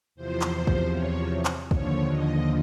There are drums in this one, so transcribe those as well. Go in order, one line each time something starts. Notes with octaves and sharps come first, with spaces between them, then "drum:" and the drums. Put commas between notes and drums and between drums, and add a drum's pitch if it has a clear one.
E2 C3 F3 C5
drum: clap
drum: kick
C#5
drum: clap
D#2 D3 F3 C#5, drum: kick
D#5